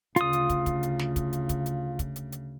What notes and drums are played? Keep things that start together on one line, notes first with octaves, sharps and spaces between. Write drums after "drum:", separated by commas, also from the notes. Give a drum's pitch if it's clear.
D2 C#3 F4 D#6, drum: hi-hat
drum: hi-hat
drum: kick, hi-hat
drum: kick, hi-hat
drum: hi-hat
drum: snare
drum: kick, hi-hat
drum: hi-hat
drum: kick, hi-hat
drum: hi-hat
drum: kick, hi-hat
drum: hi-hat
drum: hi-hat